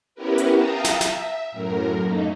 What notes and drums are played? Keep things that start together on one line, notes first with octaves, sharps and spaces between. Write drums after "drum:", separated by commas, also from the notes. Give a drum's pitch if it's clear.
B3 C#4 E4 G4 A#4 B4
drum: hi-hat
E5 F5 G5 A5 A#5 D#6
drum: snare
E5, drum: snare
F#2 A2 A#4
A3 A#3 D#4